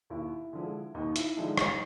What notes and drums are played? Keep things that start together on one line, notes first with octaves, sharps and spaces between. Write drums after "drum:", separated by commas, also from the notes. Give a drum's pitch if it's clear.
D#2 E4
D3 F3 G#3
D#2 D#4
E4, drum: hi-hat
D3 F3 G#3 D#4
D#4, drum: rim click
D#4